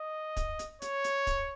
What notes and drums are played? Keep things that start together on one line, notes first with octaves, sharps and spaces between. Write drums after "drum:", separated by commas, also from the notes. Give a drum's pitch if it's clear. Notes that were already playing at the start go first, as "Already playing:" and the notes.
Already playing: D#5
drum: kick, hi-hat
drum: hi-hat
C#5, drum: hi-hat
drum: hi-hat
drum: kick, hi-hat